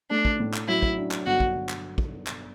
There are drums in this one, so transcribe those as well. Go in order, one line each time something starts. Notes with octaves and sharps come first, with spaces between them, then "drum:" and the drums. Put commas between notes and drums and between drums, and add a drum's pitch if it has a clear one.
A3 D4
drum: kick
A2
drum: clap
F#3 E4
drum: kick
D4
drum: clap
G1 F#4
drum: kick
drum: clap
drum: kick
drum: clap